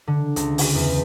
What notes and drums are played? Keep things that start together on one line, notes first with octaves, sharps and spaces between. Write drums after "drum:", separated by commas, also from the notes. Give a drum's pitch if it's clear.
D3
C#2, drum: hi-hat
drum: open hi-hat
E2